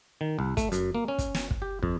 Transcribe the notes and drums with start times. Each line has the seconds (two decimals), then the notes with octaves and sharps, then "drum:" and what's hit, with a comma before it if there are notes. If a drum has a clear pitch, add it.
0.21 D#3
0.39 C2
0.57 A3, drum: kick, hi-hat
0.72 F#2, drum: hi-hat
0.95 A#3
1.08 C#4
1.18 drum: kick, hi-hat
1.34 drum: snare
1.51 drum: kick
1.62 G4
1.83 F2, drum: kick